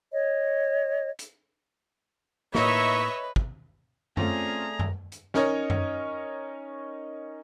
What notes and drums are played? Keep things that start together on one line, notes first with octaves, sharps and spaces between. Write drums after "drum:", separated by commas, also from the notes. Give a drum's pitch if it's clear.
C#5 D#5
drum: hi-hat
A2 A#3 D#4 B4 C#5 D#5 E5 C#6, drum: snare
drum: kick
A3 C4 C#4 F4 G#4 D5 A#5, drum: tom F#2
drum: tom F#2
drum: hi-hat
C#4 D#4 A#4 C#5 D#5, drum: snare
drum: tom F#2